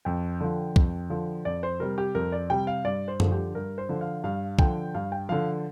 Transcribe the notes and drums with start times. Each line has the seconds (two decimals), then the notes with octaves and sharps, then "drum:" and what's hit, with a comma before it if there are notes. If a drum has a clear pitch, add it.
0.05 F2 G5
0.41 D3 F3
0.76 F2, drum: kick
1.10 D3 F3
1.45 F2 D5
1.63 C5
1.80 C3 G3 A#4
1.98 G4
2.15 F2 A#4
2.32 D5
2.50 C3 G3 G5
2.67 F5
2.85 G2 D5
3.08 C5
3.20 D3 F3, drum: tom F#2
3.32 G4
3.55 G2 A#4
3.78 C5
3.89 D3 F3
4.01 F5
4.24 G2 F5
4.59 D3 F3 G5, drum: kick
4.95 G2 F5
5.12 G5
5.29 D3 F3 F5